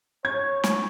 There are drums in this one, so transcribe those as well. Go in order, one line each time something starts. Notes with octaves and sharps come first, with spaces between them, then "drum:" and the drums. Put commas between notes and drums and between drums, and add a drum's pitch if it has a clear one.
C#5 G#6
drum: snare